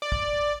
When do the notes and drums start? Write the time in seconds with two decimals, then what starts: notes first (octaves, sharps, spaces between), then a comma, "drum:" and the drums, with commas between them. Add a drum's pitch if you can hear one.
0.02 D5
0.12 drum: kick